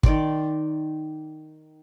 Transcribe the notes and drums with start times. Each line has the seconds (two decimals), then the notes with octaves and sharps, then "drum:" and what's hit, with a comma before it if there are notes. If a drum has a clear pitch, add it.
0.03 D#3 D5 C6 D6, drum: kick